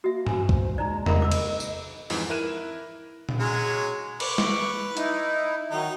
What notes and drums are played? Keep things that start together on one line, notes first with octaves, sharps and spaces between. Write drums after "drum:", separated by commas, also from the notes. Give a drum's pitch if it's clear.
A#3 F#4 E5
G#5, drum: tom G2
A#3 C5, drum: kick
G#3 D#4 D5 A#5
A#4 D#5 B5 D6, drum: tom E2
D6 E6
drum: cymbal
drum: tambourine
F2 G#2 E3, drum: open hi-hat
E4 A#4 F#6 D#7 E7
drum: tom A#2
F#3 G#3 C#4
B4 C#6 D6, drum: cymbal
drum: snare G#3
D#4 E4, drum: hi-hat
D#3 F#3 D#4